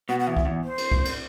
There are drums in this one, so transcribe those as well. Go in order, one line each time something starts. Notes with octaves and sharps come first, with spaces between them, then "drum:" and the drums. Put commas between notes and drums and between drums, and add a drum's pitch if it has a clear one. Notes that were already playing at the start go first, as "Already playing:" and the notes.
B2 F#5
F#5
E2 E5
drum: kick
E2
C5
drum: cymbal
drum: kick
drum: cymbal